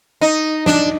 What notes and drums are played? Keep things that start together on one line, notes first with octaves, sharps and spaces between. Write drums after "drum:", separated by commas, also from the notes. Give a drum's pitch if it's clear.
D#4
D4, drum: snare